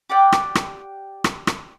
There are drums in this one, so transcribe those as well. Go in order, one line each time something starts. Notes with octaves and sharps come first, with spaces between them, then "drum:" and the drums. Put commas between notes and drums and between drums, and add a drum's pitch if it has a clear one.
G4 D5 F#5 G5
drum: rim click
drum: rim click
drum: rim click
drum: rim click